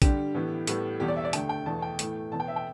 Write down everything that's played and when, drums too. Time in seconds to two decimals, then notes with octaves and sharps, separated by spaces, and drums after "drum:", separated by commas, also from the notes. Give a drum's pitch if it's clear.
0.02 G2 D3 G3 G4, drum: kick A#1, hi-hat
0.35 A2 E3 B3
0.67 A2 G3 B3, drum: hi-hat
1.00 E2 B2 G3 G4
1.08 D5
1.17 E5
1.25 D5
1.33 D2 D3 A3 G5, drum: hi-hat
1.49 G5
1.66 E2 B2 A3 A5
1.82 G5
1.99 A2 E3 A3, drum: hi-hat
2.31 E2 B2 B3 A5
2.40 G5
2.48 E5
2.56 G5